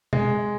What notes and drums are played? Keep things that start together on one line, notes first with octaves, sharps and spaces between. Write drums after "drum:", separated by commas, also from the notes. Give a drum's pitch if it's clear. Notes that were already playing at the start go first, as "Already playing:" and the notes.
G#3, drum: tom